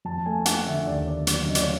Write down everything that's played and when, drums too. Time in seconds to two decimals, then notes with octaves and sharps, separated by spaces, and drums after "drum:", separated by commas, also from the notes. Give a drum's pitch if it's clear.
0.05 F2 A5
0.26 A3 G#5
0.46 F3 F#5, drum: hi-hat
0.66 D3 E5
0.87 D#2 D5
1.07 A#3 D5
1.27 F#3, drum: hi-hat
1.47 C#3 D#5
1.55 D5, drum: hi-hat
1.63 C#5